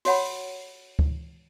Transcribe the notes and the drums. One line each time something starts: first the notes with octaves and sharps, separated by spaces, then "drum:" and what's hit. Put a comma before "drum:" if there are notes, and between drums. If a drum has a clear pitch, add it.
F#4 C#5 F#5 B5, drum: open hi-hat
drum: kick D2